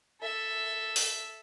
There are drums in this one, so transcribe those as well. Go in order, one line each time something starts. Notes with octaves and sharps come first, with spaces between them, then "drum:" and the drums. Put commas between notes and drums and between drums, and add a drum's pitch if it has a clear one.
A4 E5
drum: open hi-hat